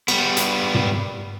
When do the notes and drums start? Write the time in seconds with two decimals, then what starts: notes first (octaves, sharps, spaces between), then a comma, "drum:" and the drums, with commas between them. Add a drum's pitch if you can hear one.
0.08 G3 B3, drum: cymbal
0.37 drum: hi-hat
0.74 drum: tom